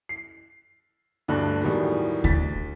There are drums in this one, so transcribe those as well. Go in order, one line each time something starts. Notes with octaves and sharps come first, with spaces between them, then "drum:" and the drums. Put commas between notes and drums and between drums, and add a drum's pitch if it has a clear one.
C7
D2 G2 D4 A4 F#6
E2 A2 D#3 F#3 G3
D2 A6 B6, drum: kick D2